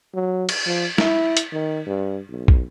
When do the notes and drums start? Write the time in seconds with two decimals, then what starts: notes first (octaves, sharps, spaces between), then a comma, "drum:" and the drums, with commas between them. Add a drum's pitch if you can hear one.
0.14 F#3
0.49 drum: cymbal
0.66 F3
0.98 E4, drum: snare
1.37 drum: hi-hat
1.52 D#3
1.86 G2
2.29 B1
2.48 drum: kick